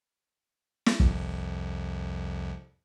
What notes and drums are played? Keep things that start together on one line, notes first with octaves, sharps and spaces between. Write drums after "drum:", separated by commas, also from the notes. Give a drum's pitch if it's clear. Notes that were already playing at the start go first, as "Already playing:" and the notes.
drum: snare
C2 F2, drum: kick